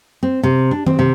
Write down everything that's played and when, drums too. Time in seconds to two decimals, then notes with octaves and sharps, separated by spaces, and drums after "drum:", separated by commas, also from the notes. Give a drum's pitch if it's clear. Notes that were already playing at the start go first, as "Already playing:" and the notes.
0.23 C4
0.43 C3
0.71 D4
0.86 C4, drum: tom D#3
0.99 C3